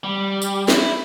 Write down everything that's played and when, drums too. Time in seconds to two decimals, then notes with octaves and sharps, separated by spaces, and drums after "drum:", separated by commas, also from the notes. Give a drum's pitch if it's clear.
0.04 G3
0.42 drum: tambourine
0.68 E4, drum: snare